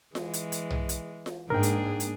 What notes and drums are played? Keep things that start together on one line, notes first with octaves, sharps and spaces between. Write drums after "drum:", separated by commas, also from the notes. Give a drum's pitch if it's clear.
E3 G#3, drum: snare F4
drum: hi-hat
drum: hi-hat
drum: tom B1
drum: hi-hat
drum: snare F4
G#2 A#3 D4 G#4 A#4 G5
drum: hi-hat
drum: hi-hat